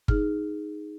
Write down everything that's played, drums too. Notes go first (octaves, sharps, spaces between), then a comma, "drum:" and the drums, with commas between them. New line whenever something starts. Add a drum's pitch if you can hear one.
D#4 G#4 F6, drum: kick G1